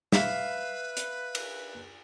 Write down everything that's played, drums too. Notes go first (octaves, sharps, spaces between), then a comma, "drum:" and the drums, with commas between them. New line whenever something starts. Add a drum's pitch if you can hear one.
B4 E5 F5, drum: snare
drum: hi-hat
drum: cymbal